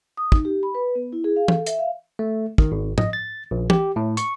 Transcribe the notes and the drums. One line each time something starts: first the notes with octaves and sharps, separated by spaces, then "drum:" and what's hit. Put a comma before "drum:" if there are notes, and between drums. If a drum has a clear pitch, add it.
D#6
D#4, drum: kick
G4
B5
B4
B3
E4
G#4
F5
A4, drum: tom
E5, drum: hi-hat
F5
A3
D#3, drum: kick
G#1
D#5, drum: tom G#2
A6
A#1
G4, drum: tom
A2
C#6, drum: hi-hat